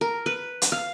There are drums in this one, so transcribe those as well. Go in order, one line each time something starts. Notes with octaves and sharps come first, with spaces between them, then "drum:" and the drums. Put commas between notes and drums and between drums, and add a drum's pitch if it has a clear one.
A#4
B4
drum: hi-hat
F5